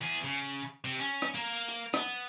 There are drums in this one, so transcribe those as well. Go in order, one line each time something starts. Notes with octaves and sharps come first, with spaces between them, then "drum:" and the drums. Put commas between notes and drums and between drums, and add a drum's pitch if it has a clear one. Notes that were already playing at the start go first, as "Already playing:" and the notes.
E2 G#4
C#3
C3
C#4
drum: rim click
A#3 A#4
drum: hi-hat
B3, drum: rim click